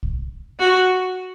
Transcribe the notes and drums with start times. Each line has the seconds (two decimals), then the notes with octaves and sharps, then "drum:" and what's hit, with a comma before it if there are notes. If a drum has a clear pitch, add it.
0.03 drum: kick
0.59 F#4